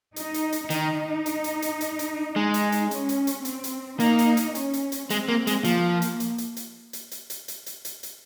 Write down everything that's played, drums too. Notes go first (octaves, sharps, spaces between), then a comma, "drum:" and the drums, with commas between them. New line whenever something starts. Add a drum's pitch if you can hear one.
D#4, drum: hi-hat
drum: hi-hat
drum: hi-hat
D#3 D#4, drum: hi-hat
drum: hi-hat
drum: hi-hat
drum: hi-hat
drum: hi-hat
drum: hi-hat
G#3 D#4
drum: hi-hat
drum: hi-hat
C#4, drum: hi-hat
drum: hi-hat
drum: hi-hat
C4, drum: hi-hat
drum: hi-hat
A#3 D#4, drum: hi-hat
drum: hi-hat
drum: hi-hat
C#4, drum: hi-hat
drum: hi-hat
drum: hi-hat
G#3 C4, drum: hi-hat
A#3
G#3, drum: hi-hat
F3 A#3, drum: hi-hat
drum: hi-hat
drum: hi-hat
drum: hi-hat
drum: hi-hat
drum: hi-hat
drum: hi-hat
drum: hi-hat
drum: hi-hat
drum: hi-hat
drum: hi-hat
drum: hi-hat